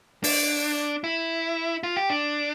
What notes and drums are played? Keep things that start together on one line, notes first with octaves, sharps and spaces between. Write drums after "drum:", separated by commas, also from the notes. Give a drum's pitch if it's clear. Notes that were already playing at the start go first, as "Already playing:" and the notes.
D4, drum: open hi-hat
E4
F4
G4
D4